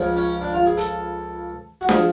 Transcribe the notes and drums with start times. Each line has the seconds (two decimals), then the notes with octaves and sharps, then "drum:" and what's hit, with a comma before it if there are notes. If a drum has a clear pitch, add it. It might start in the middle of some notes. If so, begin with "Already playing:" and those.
Already playing: C#2 C#3 F3
0.16 C#4
0.41 D4
0.54 F4
0.66 G#4
0.77 A4, drum: hi-hat
1.81 F#4
1.89 F3 G#4, drum: snare D4